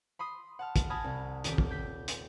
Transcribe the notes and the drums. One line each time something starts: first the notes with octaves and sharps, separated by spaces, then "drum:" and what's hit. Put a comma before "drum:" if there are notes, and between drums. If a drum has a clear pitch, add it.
B5 C6 D#6 C7
F#5 A5 F6
drum: kick, hi-hat
G#5 A5 B5 D#6 F6 A#6
C2
D#1 G4 D6 B6 D7, drum: hi-hat
drum: kick
G6 B6
drum: hi-hat